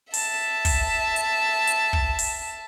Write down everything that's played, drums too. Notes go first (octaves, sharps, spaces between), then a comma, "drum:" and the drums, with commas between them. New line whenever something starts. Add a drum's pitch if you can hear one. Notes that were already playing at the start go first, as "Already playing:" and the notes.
E5 A5, drum: open hi-hat
drum: kick, open hi-hat
drum: hi-hat
drum: hi-hat
drum: kick
drum: open hi-hat